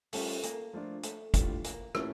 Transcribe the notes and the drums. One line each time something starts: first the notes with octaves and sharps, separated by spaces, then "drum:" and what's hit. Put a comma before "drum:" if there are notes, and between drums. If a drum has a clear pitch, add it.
G3 A3 C#4 F4, drum: open hi-hat
A#3, drum: hi-hat
F3 A3 D4 F4
A3, drum: hi-hat
A2 G3 D4 F4, drum: kick, hi-hat
A#3, drum: hi-hat
A#2 A3 C#4 E4 G4, drum: rim click